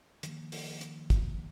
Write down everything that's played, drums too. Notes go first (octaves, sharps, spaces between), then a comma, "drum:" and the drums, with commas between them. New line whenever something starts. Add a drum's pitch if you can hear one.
D#3 F3 A#3, drum: hi-hat
drum: open hi-hat
drum: hi-hat
drum: kick, hi-hat